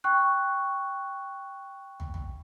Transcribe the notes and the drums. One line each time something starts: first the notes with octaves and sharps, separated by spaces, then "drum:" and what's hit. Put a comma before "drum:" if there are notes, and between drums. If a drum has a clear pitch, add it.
G5 C#6 F#6
drum: tom
drum: tom